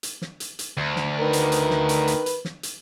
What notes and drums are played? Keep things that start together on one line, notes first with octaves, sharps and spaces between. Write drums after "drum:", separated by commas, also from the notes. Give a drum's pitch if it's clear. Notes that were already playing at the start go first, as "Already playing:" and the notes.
drum: hi-hat
drum: snare
drum: hi-hat
drum: hi-hat
D2
drum: snare
D#3 A#4 B4
drum: hi-hat
drum: hi-hat
drum: snare
drum: hi-hat
drum: hi-hat
drum: hi-hat
drum: snare
drum: hi-hat